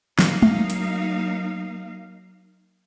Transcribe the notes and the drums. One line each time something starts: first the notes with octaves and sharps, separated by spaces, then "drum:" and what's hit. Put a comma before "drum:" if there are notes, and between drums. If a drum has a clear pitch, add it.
F#3 A#3 D#4 F5, drum: snare
drum: tom G#3
drum: hi-hat